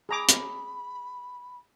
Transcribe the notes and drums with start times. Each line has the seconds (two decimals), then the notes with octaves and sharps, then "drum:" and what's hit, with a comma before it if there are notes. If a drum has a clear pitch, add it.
0.09 G#4 A#5 B5 D6
0.29 drum: hi-hat